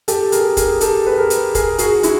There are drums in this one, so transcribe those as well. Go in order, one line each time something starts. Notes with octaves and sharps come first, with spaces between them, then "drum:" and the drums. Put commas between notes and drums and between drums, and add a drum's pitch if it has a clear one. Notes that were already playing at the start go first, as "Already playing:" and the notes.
G4 A4, drum: hi-hat
G#4 A#4, drum: hi-hat
G#4 A#4, drum: kick, hi-hat
G4 A4, drum: hi-hat
B4
G#4 A#4
drum: hi-hat
G#4 A#4, drum: kick, hi-hat
F#4 G#4, drum: hi-hat
E4 F#4, drum: hi-hat